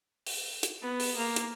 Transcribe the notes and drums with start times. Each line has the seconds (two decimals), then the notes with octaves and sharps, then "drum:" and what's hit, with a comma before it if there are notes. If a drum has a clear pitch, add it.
0.27 drum: open hi-hat
0.63 drum: hi-hat
0.81 B3
1.00 drum: open hi-hat
1.16 A#3
1.36 drum: hi-hat